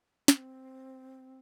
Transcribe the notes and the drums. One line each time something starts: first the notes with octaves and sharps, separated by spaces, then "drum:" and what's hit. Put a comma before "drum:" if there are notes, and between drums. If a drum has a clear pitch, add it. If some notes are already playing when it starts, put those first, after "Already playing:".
C4, drum: snare